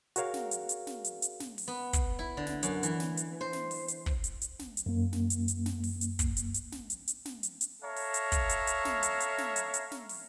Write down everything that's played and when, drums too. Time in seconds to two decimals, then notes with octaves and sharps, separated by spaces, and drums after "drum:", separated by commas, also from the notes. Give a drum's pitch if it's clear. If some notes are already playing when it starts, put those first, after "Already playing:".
0.16 F#4 G#4 A#4 C#5 F5, drum: hi-hat
0.34 drum: snare
0.51 drum: hi-hat
0.69 drum: hi-hat
0.87 drum: snare
1.05 drum: hi-hat
1.22 drum: hi-hat
1.40 drum: snare
1.58 drum: open hi-hat
1.68 B3
1.93 drum: kick, hi-hat
2.19 E4
2.37 D3
2.47 drum: snare
2.63 F#2, drum: hi-hat
2.83 E3, drum: hi-hat
3.00 drum: snare
3.17 drum: hi-hat
3.41 C5
3.53 drum: snare
3.71 drum: open hi-hat
3.88 drum: hi-hat
4.06 drum: kick
4.24 drum: hi-hat
4.42 drum: hi-hat
4.59 drum: snare
4.77 drum: hi-hat
4.86 F#2 A#3
5.13 drum: snare
5.30 drum: hi-hat
5.48 drum: hi-hat
5.66 drum: snare
5.84 drum: open hi-hat
6.01 drum: hi-hat
6.19 drum: kick, hi-hat
6.37 drum: hi-hat
6.55 drum: hi-hat
6.72 drum: snare
6.90 drum: hi-hat
7.08 drum: hi-hat
7.25 drum: snare
7.43 drum: hi-hat
7.61 drum: hi-hat
7.82 A4 C#5 E5 F5 A#5
7.96 drum: open hi-hat
8.14 drum: hi-hat
8.32 drum: kick, hi-hat
8.50 drum: hi-hat
8.67 drum: hi-hat
8.85 drum: snare
9.03 drum: hi-hat
9.21 drum: hi-hat
9.38 drum: snare
9.56 drum: hi-hat
9.74 drum: hi-hat
9.92 drum: snare
10.09 drum: open hi-hat